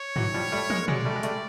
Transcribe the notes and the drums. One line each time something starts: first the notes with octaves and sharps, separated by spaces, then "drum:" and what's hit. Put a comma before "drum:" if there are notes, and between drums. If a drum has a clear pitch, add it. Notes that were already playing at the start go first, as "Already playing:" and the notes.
Already playing: C#5
E3 F#3, drum: tom
F3 G3
G3 A3
G#3 A#3, drum: tom
F#3 G#3 D5, drum: tom
G3 A3
G#3
G3 A3, drum: hi-hat